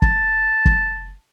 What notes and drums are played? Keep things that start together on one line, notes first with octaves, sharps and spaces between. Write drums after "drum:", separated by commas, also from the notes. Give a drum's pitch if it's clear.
A5, drum: kick
drum: kick